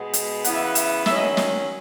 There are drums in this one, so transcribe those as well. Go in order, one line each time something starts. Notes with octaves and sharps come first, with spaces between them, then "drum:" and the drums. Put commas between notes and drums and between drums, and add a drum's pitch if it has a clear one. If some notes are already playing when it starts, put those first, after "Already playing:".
Already playing: B2 G#3 B3
drum: hi-hat
C#3 E3 B3 F#5, drum: hi-hat
E5
F#5
E5, drum: hi-hat
D#3 F#3 C#4 E5, drum: snare
D#5
drum: snare